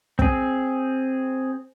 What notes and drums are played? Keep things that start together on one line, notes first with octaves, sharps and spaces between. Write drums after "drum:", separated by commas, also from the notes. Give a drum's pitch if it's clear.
C4 G#4, drum: kick